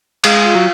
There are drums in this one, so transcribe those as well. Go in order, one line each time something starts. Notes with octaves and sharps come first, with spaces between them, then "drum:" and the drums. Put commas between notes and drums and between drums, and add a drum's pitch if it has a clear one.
G#3 F5, drum: cymbal
F4
F#3